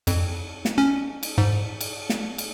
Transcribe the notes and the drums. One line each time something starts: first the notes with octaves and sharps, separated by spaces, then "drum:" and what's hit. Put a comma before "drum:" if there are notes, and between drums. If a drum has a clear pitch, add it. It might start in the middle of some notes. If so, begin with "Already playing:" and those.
F2, drum: cymbal
drum: snare
C#4
drum: cymbal
G#2
drum: cymbal
drum: snare
drum: cymbal